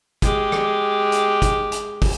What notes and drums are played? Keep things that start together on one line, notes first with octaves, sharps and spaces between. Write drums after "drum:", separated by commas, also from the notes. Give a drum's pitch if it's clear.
G#3 G4, drum: kick, hi-hat
drum: rim click
drum: hi-hat
drum: kick, hi-hat
drum: hi-hat
drum: kick, open hi-hat